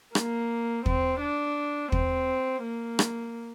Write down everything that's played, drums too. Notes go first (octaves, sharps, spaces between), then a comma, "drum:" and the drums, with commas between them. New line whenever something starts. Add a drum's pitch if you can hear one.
A#3, drum: rim click
C4, drum: kick
D4
C4, drum: kick
A#3
drum: rim click